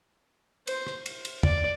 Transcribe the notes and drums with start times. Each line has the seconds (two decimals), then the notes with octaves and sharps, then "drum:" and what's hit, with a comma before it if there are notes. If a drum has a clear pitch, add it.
0.67 C5, drum: cymbal
0.87 drum: rim click
1.06 drum: cymbal
1.25 drum: cymbal
1.43 D5, drum: tom